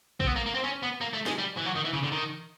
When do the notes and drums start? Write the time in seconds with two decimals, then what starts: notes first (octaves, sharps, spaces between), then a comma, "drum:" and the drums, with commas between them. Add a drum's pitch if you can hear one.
0.20 C4, drum: kick
0.27 B3
0.36 A#3
0.46 A#3
0.55 C4
0.64 C#4
0.83 B3
1.01 A#3
1.13 A3
1.26 G#3, drum: snare
1.38 G3
1.57 E3
1.66 F#3
1.76 D#3
1.84 E3
1.93 C#3, drum: tom B2
2.03 D3
2.11 D#3